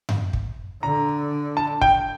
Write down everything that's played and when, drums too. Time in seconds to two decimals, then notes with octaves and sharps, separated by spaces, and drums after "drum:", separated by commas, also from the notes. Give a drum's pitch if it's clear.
0.09 drum: tom F#2
0.33 drum: kick
0.83 D3 A#5
1.57 A5
1.82 G5, drum: kick